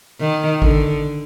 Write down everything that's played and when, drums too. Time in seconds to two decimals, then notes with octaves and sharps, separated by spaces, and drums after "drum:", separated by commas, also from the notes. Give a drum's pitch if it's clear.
0.20 D#3
0.62 D3, drum: kick A1